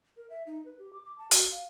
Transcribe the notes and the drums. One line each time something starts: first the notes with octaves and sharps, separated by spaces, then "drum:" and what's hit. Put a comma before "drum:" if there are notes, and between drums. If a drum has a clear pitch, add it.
A#4
E5
D#4
B4
G4
D6
D6
A5
F#4, drum: hi-hat
F5